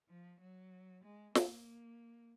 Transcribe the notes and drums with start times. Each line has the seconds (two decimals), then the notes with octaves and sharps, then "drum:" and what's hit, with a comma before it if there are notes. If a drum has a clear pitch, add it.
0.09 F3
0.40 F#3
1.04 G#3
1.35 A#3, drum: snare